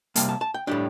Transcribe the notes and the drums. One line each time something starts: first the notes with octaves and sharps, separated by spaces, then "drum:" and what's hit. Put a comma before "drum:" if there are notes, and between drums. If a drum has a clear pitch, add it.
C3 G3 A#3 A5, drum: hi-hat
A5
A5
G5
A2 G3 D4 G5